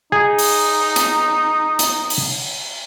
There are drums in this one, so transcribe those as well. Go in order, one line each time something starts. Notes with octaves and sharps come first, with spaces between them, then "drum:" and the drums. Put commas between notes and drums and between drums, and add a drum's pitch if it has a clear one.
D#4 G#4
drum: open hi-hat
drum: hi-hat
drum: hi-hat
drum: open hi-hat